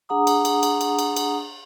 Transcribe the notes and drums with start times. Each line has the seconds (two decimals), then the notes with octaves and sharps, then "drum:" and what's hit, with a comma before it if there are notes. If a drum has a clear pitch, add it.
0.09 D4 G#4 F#5 A#5 D#6
0.27 drum: cymbal
0.45 drum: cymbal
0.63 drum: cymbal
0.81 drum: cymbal
0.99 drum: cymbal
1.16 drum: cymbal